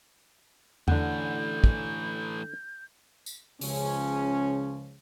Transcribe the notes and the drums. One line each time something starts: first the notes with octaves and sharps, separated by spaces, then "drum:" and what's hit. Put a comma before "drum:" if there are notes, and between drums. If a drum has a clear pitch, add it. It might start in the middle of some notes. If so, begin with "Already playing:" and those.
D3 E3 A3 F#5 G6, drum: tom E2
drum: kick
drum: tambourine
C#2 C#3 F3 C#4, drum: open hi-hat